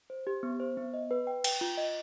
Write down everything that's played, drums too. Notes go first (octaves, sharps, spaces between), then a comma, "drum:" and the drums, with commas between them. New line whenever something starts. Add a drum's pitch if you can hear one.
C5
G4
B3
C5
B3
D#5
B4
G5
G5, drum: cymbal
F4
D#5